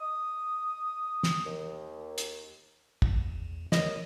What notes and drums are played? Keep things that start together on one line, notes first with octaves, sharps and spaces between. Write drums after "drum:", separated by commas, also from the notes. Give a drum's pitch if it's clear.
D#6
drum: snare
D#2
drum: hi-hat
E2, drum: kick
A#4 C#5 D#5, drum: snare